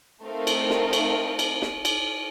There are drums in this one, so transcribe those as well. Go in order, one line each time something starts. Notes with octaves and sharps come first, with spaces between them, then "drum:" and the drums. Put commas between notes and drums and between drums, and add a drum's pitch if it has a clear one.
A3 C4 D#4 A#4 F5
drum: cymbal
drum: snare
drum: cymbal
drum: cymbal
drum: snare
drum: cymbal